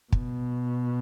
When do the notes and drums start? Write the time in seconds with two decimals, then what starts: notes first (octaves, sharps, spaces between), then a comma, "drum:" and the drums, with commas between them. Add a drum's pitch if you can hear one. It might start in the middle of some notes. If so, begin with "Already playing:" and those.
0.12 B2, drum: kick